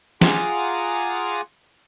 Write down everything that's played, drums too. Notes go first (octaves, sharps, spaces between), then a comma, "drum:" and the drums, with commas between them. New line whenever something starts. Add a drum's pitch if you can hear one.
F4 G#4 F#5 G#5 A#5 D6, drum: snare